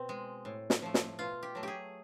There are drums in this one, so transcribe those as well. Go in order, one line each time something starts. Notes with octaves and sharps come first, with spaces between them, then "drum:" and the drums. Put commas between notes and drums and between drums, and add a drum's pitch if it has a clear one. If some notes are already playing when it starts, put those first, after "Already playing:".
Already playing: B2 C4
G#3
A2
drum: snare
F3 A3
drum: snare
B2 F4
G4
F#3 A3
G4 G#4